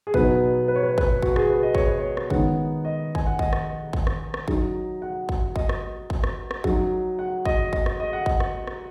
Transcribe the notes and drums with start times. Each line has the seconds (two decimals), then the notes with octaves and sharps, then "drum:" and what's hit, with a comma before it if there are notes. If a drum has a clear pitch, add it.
0.07 G#4
0.14 B2 F#3 B3 D#4 B4, drum: kick
0.68 B4
0.76 C#5
0.83 B4
0.90 C#5
0.98 B4, drum: kick
1.22 F#4, drum: kick
1.36 G#4, drum: rim click
1.49 B4
1.63 D#5
1.75 C#5, drum: kick
1.87 B4
1.99 C#5
2.17 drum: rim click
2.30 D#3 G#3 B3 D#4 F#5, drum: kick
2.85 D#5
3.15 G#5, drum: kick
3.26 F#5
3.39 D#5, drum: kick
3.53 drum: rim click
3.93 drum: kick
4.07 drum: rim click
4.34 drum: rim click
4.48 F#3 D#4, drum: kick
5.02 F#5
5.29 drum: kick
5.56 D#5, drum: kick
5.69 drum: rim click
6.10 drum: kick
6.24 drum: rim click
6.51 drum: rim click
6.64 F#3 D#4, drum: kick
7.19 F#5
7.45 D#5, drum: kick
7.73 D#5, drum: kick
7.86 drum: rim click
8.00 D#5
8.13 F#5
8.26 D#5, drum: kick
8.40 drum: rim click
8.67 drum: rim click